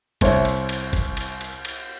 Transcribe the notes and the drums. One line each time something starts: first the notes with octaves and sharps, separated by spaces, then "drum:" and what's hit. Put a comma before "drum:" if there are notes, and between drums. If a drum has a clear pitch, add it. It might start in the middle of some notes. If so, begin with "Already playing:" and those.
C2 C4 C#5 E5, drum: kick, cymbal
drum: cymbal
drum: cymbal
drum: kick, cymbal
drum: cymbal
drum: cymbal
drum: cymbal